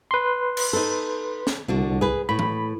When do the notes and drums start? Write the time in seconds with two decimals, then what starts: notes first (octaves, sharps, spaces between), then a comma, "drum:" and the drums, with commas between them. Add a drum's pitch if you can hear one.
0.11 B4 C6
0.57 drum: cymbal
0.73 D#4 A4
1.47 drum: snare
1.68 C2 D3 D4 F#4
2.01 G#4 B4
2.29 A2 B5
2.39 drum: tom E3